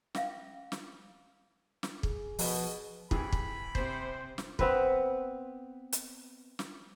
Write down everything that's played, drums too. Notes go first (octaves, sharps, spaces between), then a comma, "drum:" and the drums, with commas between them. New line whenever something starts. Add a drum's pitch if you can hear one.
C#4 E5 F5, drum: snare
drum: snare
drum: snare
G#4, drum: kick
B2 F3, drum: open hi-hat
C2 E3 G#4 B5, drum: kick
drum: kick
C3 C5, drum: kick
drum: snare
B3 C4 B4, drum: kick
drum: hi-hat
drum: snare